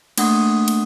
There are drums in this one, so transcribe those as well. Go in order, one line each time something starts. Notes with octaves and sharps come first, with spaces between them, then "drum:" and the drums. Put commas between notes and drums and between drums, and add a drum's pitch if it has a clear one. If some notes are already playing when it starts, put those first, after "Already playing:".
A3 A#3 D4 F#5 D#6, drum: cymbal
drum: cymbal